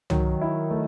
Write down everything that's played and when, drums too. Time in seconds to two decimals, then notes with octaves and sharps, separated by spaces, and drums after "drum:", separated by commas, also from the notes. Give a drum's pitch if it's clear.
0.10 D#3 F#3, drum: tom
0.41 E4
0.71 A3